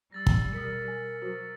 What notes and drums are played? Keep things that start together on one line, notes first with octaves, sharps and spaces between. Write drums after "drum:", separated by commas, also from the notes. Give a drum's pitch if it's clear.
G3 E6 A6 A#6
drum: kick
B2 A#4 D#6 B6 C#7
G#5
F#3 F#4 C5